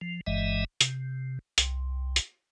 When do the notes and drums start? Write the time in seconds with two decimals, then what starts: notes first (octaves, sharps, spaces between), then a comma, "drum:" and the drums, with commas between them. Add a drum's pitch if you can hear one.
0.01 F3
0.27 G1 G2 E3 G#3 D#5 E5
0.81 C3, drum: hi-hat
1.58 C2, drum: hi-hat
2.16 drum: hi-hat